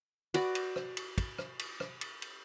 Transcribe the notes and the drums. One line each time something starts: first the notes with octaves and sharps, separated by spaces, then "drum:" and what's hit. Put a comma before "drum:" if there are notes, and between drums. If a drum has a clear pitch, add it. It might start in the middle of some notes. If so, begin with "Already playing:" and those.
F#4 B4 D5, drum: cymbal
drum: cymbal
drum: rim click
drum: cymbal
drum: kick, cymbal
drum: rim click
drum: cymbal
drum: rim click
drum: cymbal
drum: cymbal